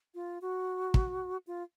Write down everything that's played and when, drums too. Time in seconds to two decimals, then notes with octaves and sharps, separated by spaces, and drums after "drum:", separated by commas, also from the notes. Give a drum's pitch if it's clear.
0.15 F4
0.42 F#4
0.94 drum: kick
1.47 F4